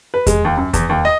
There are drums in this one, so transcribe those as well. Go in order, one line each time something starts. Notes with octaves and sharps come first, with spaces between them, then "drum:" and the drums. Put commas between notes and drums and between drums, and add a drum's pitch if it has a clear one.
B4
G#3, drum: kick E2, hi-hat
D#2
F#2
E2, drum: kick E2, hi-hat
D#2
D#5